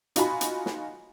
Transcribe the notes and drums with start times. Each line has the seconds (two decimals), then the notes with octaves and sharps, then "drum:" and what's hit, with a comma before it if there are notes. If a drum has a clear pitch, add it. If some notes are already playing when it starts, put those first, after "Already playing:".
0.16 D#4 F4 F#4 G#5 B5, drum: hi-hat
0.41 drum: hi-hat
0.66 drum: snare